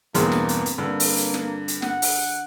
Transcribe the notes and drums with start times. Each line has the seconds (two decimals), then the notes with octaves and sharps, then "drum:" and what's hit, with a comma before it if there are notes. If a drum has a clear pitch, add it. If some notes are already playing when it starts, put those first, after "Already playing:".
0.15 E2 G2 B2 A#3 C4 G#4 A#4, drum: hi-hat
0.32 drum: snare
0.49 drum: hi-hat
0.66 drum: hi-hat
0.78 G2 D3 A#3
1.00 drum: open hi-hat
1.17 drum: hi-hat
1.34 drum: snare
1.68 drum: hi-hat
1.82 F#5, drum: snare
2.02 drum: open hi-hat